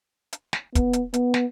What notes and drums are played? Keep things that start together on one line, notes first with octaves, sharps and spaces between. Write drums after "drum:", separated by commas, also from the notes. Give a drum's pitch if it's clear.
drum: hi-hat
drum: snare
B3, drum: kick, hi-hat
drum: hi-hat
B3, drum: hi-hat
drum: snare